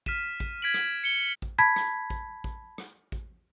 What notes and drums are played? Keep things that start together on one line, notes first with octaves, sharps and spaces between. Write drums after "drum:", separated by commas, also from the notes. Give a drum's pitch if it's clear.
F6 B6 D#7 E7, drum: kick A1
drum: kick A1
G#6 B6 D7 F#7
drum: rim click
C#7 G7
drum: kick A1
A5 B5 G#6 B6
drum: rim click
drum: kick A1
drum: kick A1
drum: rim click
drum: kick A1